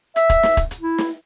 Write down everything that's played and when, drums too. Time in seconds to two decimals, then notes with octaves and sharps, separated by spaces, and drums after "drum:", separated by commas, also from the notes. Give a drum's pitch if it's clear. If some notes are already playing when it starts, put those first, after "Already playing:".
0.16 E5, drum: hi-hat
0.30 drum: kick, hi-hat
0.43 drum: snare
0.57 drum: kick, hi-hat
0.71 drum: hi-hat
0.81 E4
0.98 drum: snare